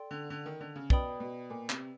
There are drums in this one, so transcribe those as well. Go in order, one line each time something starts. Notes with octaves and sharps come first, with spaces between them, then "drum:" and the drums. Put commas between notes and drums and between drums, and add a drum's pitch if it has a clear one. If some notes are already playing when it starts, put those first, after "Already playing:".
Already playing: A4 D5 G5 C6
D3
D3
D#3
D3
C#3
B2 B4 D5 G5 B5 D#6, drum: kick
B2
A#2
C3, drum: clap